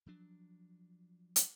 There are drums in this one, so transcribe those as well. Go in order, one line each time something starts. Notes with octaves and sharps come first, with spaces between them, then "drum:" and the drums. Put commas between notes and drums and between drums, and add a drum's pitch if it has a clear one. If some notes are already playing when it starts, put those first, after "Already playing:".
F3 F#3 D4
drum: hi-hat